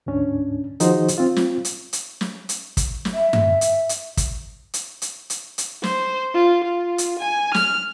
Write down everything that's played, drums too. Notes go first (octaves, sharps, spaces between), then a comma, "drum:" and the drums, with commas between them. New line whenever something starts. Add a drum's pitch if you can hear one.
D2 G#2 C#4 D4
D#3 F3 D#4 F#4 G#4 C5, drum: hi-hat
drum: hi-hat
C4 F4
drum: snare
drum: hi-hat
drum: hi-hat
drum: snare
drum: hi-hat
drum: kick, hi-hat
drum: snare
E5
drum: tom G2
drum: hi-hat
drum: hi-hat
drum: kick, hi-hat
drum: hi-hat
drum: hi-hat
drum: hi-hat
drum: hi-hat
C5, drum: snare
F4
F4
drum: hi-hat
G#5
F6, drum: snare